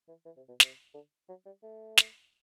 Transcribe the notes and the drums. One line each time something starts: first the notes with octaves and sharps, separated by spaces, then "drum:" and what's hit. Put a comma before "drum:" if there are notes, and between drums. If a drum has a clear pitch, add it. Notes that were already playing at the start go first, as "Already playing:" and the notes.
E3
E3
C3
B2
C3, drum: snare
D3
F#3
G3
A3
drum: snare